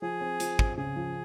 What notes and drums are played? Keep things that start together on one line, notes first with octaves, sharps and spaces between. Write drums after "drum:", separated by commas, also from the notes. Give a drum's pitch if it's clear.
F3 G#4
C4
F3, drum: hi-hat
C4, drum: kick
C#3 G#4
F3